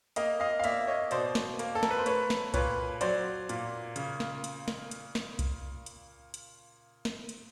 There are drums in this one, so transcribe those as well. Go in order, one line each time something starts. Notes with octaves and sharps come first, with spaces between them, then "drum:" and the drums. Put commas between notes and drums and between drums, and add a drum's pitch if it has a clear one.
A#3 D#5 F5, drum: hi-hat
D#5 F5
F5
A#3 D5 E5, drum: hi-hat
C#5 D#5
B2 C5 D5, drum: hi-hat
drum: snare
A#3, drum: hi-hat
A4
A#4, drum: snare
B4
C5
A3 B4 C#5, drum: hi-hat
drum: snare
A#2 B4 C#5, drum: kick C2, hi-hat
F#3 C5 D5, drum: hi-hat
A#2, drum: hi-hat
C#3, drum: hi-hat
drum: snare
drum: hi-hat
drum: snare
drum: hi-hat
drum: snare
drum: kick C2, hi-hat
drum: hi-hat
drum: hi-hat
drum: snare
drum: hi-hat